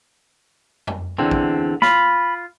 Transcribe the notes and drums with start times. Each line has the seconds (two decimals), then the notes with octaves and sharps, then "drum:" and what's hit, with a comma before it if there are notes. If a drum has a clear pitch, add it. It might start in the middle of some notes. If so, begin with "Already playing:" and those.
0.87 drum: tom F2
1.18 E2 D3 C4, drum: tom B2
1.31 drum: kick
1.82 F4 B5, drum: snare